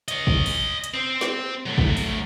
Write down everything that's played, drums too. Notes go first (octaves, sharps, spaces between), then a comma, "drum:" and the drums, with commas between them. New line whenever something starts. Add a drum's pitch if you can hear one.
C#5 D#5, drum: hi-hat
drum: kick
drum: open hi-hat
drum: hi-hat
C4 C5
drum: snare
F#3 A3
drum: kick
drum: open hi-hat